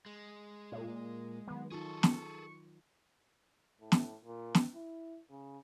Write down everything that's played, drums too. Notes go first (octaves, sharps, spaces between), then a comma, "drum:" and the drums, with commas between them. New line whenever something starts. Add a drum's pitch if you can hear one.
G#3
A#2
D#3 F#3 B3
D#4 F4 G#4 A4 C#6
drum: snare
A2
drum: snare
A#2
drum: snare
E4
C#3